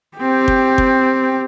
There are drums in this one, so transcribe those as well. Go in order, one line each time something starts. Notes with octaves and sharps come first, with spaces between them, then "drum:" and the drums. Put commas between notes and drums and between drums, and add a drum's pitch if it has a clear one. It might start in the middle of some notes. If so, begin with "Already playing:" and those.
C4 G4
drum: kick
drum: kick